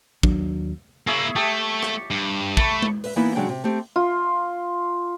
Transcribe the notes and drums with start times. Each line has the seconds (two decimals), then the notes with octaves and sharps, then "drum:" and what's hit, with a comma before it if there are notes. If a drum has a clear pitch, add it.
0.23 D#2 F#3 D4, drum: kick
1.07 A#3 E4 G#4 C#5 E5
1.36 A3 G4 A5
1.83 drum: rim click
2.11 G2
2.57 A3 A5 B5 C#6, drum: kick
2.82 drum: tom G#3
3.04 B4 E5, drum: open hi-hat
3.16 E3 A#3 B3 D#4 E4 B4
3.35 C#3 F#3 G#3 D4 G5
3.49 C3
3.64 A3 C4 G4
3.96 F4